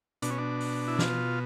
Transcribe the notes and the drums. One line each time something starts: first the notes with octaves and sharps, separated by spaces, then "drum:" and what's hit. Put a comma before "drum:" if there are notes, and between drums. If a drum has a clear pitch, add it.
B2 D4, drum: hi-hat
C#4
D4
drum: open hi-hat
E4
F4, drum: snare